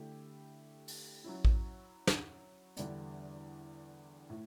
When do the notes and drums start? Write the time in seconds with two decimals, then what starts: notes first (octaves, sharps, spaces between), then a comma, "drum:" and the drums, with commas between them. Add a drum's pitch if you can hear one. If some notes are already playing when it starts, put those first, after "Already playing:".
Already playing: D3 A3 E4 G4
0.88 drum: open hi-hat
1.24 F#3 C#4 E4
1.45 drum: kick A1
2.07 drum: snare
2.77 E2 D3 G3 D4, drum: hi-hat
4.30 A2